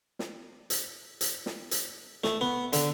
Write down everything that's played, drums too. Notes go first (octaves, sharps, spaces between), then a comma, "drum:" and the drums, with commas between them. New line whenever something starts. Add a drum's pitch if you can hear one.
drum: snare
drum: hi-hat
drum: hi-hat
drum: snare
drum: hi-hat
A3, drum: snare
B3
D3, drum: hi-hat